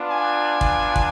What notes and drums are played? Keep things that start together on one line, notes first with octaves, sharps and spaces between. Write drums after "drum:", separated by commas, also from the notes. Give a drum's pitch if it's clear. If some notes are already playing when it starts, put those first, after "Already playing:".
Already playing: B3 D4 F4
G#5
drum: kick
drum: kick